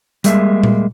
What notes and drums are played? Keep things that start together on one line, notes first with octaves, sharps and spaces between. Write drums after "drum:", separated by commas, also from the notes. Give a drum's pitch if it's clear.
G3 G#3 A#3 E5, drum: hi-hat
drum: tom A#2